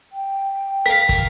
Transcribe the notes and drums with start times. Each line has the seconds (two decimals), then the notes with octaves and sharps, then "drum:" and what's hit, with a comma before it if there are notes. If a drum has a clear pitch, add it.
0.12 G5
0.86 A#4 F5 B6, drum: hi-hat
1.09 drum: kick, hi-hat